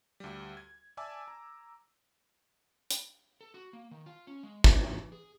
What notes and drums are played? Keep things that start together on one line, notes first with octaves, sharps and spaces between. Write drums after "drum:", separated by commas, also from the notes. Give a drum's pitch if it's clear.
D2 G3
G#6
D5 E5 G#5 A5 D6 E6
A#5
drum: hi-hat
A4
F#4
A#3
D#3
F4
C#4
G#3
E5, drum: kick
E3
G#4